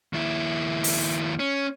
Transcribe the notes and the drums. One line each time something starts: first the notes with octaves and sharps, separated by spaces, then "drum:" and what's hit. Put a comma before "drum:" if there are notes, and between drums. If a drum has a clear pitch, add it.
D#2 E4
drum: open hi-hat
C#4